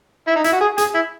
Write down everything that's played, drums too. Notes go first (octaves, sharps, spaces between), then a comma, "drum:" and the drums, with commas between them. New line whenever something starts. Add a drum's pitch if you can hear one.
E4
D#4
E4, drum: hi-hat
F#4
G#4
G#4, drum: hi-hat
E4